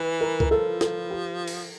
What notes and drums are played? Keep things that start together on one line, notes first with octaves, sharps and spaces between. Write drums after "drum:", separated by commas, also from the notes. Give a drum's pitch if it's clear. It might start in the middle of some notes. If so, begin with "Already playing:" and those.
Already playing: E3 B4
A#4
A#4, drum: kick C#2
F3 A4
A4, drum: snare
G4
drum: cymbal